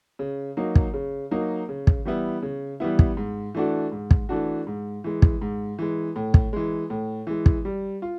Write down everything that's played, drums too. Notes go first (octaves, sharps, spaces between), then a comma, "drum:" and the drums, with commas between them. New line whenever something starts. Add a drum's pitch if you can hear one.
C#3
F#3 A#3 D#4
drum: kick
C#3
F#3 A#3 D#4
C#3
drum: kick
E3 G3 B3 E4
C#3
E3 G3 B3 E4
drum: kick
G#2
E3 A3 D4 F#4
G#2
drum: kick
E3 A3 D4 F#4
G#2
E3 G#3
drum: kick
G#2
E3 G#3
A2
drum: kick
E3 G#3
A2
E3 G#3
drum: kick
G3
F4